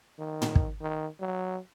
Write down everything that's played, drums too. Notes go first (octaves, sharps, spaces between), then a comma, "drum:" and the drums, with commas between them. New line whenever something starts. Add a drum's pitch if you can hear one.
D#3
drum: tom
drum: kick
D#3
F#3